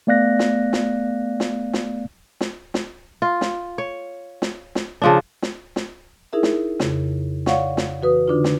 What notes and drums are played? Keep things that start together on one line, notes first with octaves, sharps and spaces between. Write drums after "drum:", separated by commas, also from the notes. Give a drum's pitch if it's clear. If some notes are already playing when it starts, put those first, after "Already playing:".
A3 B3 D5 F5 F#6 A#6
drum: snare
drum: snare
drum: snare
drum: snare
drum: snare
drum: snare
F4
drum: snare
C#5
drum: snare
drum: snare
C#3 F3 D4
drum: snare
drum: snare
D#4 E4 G#4 A#4 E5
drum: snare
F2 C#3, drum: snare
C#5 D5 F5 F#5 C#6, drum: snare
drum: snare
E3 F#4 B4 D#6
D3 D4 D#4 F4
drum: snare